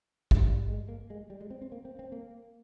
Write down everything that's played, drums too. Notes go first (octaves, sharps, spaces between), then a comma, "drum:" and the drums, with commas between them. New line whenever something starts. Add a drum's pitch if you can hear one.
drum: kick
G3
G#3
A#3
G#3
G3
G#3
C4
C4
A#3
C4
C4
A#3